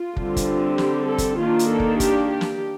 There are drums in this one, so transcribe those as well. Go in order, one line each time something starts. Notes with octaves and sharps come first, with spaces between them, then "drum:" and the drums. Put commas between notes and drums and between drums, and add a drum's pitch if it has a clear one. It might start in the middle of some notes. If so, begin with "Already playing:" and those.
Already playing: F4
D3 G3 C4, drum: kick
drum: kick, hi-hat
G4, drum: snare
A4
drum: kick, hi-hat
D#3 A#3 D4 F4
drum: hi-hat
A4
drum: kick
G4, drum: kick, hi-hat
G4
drum: snare